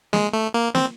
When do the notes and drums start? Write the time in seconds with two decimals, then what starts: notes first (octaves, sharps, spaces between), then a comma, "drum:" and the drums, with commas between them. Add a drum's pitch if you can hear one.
0.13 G#3, drum: snare
0.33 A3
0.54 A#3
0.75 C4, drum: snare